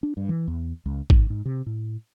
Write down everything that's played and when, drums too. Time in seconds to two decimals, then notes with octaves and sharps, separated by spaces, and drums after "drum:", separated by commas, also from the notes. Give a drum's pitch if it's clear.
0.03 D4
0.17 G2
0.29 E3
0.47 E2
0.86 C#2
1.10 G#2, drum: kick G#1
1.30 G#2
1.45 C3
1.66 A2